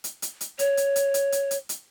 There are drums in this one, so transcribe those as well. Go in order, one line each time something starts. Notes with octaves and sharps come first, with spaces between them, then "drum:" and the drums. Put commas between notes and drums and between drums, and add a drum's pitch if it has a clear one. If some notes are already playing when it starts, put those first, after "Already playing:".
drum: hi-hat
drum: hi-hat
drum: hi-hat
C#5, drum: hi-hat
drum: hi-hat
drum: hi-hat
drum: hi-hat
drum: hi-hat
drum: hi-hat
drum: hi-hat